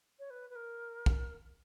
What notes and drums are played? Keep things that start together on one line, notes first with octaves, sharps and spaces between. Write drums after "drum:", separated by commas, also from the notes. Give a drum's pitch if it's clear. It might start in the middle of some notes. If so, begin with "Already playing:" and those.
C#5
B4
B4
A#4
drum: kick